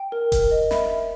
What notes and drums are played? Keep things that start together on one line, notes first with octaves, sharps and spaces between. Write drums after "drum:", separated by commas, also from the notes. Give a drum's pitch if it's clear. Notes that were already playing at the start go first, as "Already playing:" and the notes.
Already playing: G5
A#4
A#4, drum: kick E1, hi-hat
D#5
E5 B5, drum: snare
E5